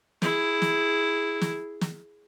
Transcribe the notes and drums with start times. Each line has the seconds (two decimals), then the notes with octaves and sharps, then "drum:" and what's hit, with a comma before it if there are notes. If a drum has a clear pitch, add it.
0.22 E4 G#4, drum: snare
0.62 drum: snare
1.42 drum: snare
1.81 drum: snare